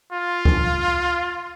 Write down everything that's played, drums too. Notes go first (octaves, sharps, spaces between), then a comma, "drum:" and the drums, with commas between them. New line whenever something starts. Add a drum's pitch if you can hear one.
F4
drum: kick C#2